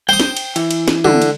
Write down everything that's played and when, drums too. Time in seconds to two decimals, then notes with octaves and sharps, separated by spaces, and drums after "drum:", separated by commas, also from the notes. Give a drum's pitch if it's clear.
0.09 C5 G5 D#6
0.20 drum: snare
0.37 drum: cymbal
0.56 E3, drum: cymbal
0.71 drum: cymbal
0.88 drum: snare
1.05 D3, drum: tom
1.22 drum: cymbal